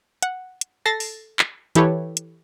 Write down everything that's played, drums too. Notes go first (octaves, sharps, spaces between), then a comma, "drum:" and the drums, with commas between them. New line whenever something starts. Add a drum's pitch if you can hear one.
F#5, drum: hi-hat
drum: hi-hat
A4 A6 A#6 C7
drum: open hi-hat
drum: clap
E3 E4 G4 A4 B4 C#5, drum: hi-hat
drum: hi-hat